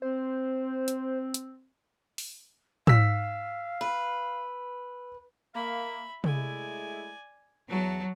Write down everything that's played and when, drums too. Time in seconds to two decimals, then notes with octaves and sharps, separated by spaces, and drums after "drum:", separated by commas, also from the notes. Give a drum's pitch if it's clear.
0.02 C4 C5
0.88 drum: hi-hat
1.34 drum: hi-hat
2.18 drum: open hi-hat
2.87 F5 E6 B6, drum: tom
3.81 B4
5.55 A#3 E5 F5 B5
6.24 G#3 A3 E4 D5 G#5, drum: tom C3
7.69 E2 F#3 A5 A#5